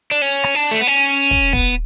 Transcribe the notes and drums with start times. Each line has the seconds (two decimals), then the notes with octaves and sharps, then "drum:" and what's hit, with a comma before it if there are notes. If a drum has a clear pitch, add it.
0.11 D4
0.22 C#4
0.44 drum: rim click
0.55 D4
0.71 A3
0.80 B3
0.87 C#4
1.31 drum: kick
1.53 B3, drum: kick